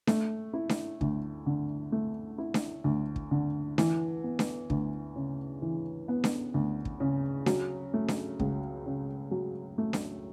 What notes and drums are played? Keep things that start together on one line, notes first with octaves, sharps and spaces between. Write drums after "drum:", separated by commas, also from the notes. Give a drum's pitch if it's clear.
A3, drum: snare D4
E4
drum: snare D4
D2, drum: kick
D3
A3
E4
drum: snare D4
D2
drum: kick
D3
E3, drum: snare D4
B3
drum: snare D4
D2, drum: kick
C#3
E3
B3
drum: snare D4
D2
drum: kick
C#3
F#3, drum: snare D4
A3
drum: snare D4
C#2, drum: kick
C#3
F#3
A3
drum: snare D4